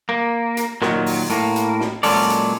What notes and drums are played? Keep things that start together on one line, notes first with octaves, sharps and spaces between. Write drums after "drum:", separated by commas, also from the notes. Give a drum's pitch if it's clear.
A#3
drum: hi-hat
A#2 D#3 F#3, drum: snare
drum: open hi-hat
A2 A#3, drum: hi-hat
drum: hi-hat
drum: snare
A#2 F#3 G#3 C#4 A4 D5, drum: open hi-hat
drum: hi-hat